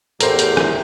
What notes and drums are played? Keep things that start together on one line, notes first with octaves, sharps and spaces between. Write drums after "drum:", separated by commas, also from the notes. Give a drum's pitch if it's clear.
E2 A2 G4 A4 A#4 C5, drum: hi-hat
drum: hi-hat
drum: rim click